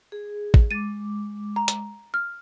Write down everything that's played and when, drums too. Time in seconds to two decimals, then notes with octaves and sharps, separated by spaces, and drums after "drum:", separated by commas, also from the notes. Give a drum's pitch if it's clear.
0.12 G#4
0.54 drum: kick A1
0.71 G#3 D6 A6 D#7
1.56 A#5
1.68 drum: hi-hat
2.14 F6